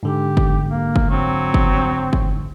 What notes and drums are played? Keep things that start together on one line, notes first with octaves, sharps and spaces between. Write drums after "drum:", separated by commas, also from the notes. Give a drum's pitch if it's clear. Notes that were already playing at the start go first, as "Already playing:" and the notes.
G#2 D3 G4
drum: kick F#1
A#3
drum: kick F#1
F#3 C4
drum: kick F#1
drum: kick F#1